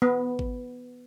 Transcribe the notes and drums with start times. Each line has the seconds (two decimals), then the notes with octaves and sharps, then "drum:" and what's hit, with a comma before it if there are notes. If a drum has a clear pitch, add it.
0.02 B3
0.39 drum: kick G#1